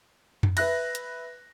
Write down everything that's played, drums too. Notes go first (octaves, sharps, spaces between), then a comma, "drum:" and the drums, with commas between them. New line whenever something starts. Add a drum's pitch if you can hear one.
drum: tom F#2
B4 E5 F#6 A#6, drum: cymbal
drum: hi-hat